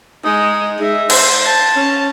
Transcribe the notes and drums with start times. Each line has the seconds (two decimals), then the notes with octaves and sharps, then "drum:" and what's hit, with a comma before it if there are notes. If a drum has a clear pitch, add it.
0.25 G#3 D#4
0.80 G#3 D#4 E5
1.10 C5, drum: cymbal
1.45 A5
1.76 C#4